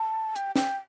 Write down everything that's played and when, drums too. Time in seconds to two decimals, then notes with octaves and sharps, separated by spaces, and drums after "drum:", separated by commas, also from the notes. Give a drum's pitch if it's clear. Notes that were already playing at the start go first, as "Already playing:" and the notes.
Already playing: A5
0.36 G5, drum: hi-hat
0.56 G5, drum: snare